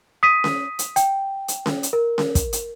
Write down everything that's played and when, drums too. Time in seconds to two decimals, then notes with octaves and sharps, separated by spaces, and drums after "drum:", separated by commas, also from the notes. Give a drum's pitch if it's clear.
0.23 D#6 B6 D#7
0.44 drum: snare C#4
0.79 drum: hi-hat
0.96 G5, drum: hi-hat
1.48 drum: hi-hat
1.66 drum: snare C#4
1.83 drum: hi-hat
1.93 A#4
2.18 drum: snare C#4
2.35 drum: kick, hi-hat
2.53 drum: hi-hat